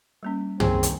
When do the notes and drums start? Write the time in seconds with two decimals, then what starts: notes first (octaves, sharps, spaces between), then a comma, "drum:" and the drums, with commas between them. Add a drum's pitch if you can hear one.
0.23 G3 A#3 C#4
0.60 D#2 C4 G#4, drum: tom
0.83 drum: hi-hat